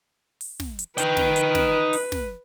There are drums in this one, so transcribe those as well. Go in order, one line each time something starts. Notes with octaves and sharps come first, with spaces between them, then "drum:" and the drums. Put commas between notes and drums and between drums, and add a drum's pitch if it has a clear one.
drum: open hi-hat
drum: snare
drum: hi-hat
D#4 B4 G5, drum: hi-hat
drum: snare
drum: hi-hat
drum: snare
drum: open hi-hat
drum: snare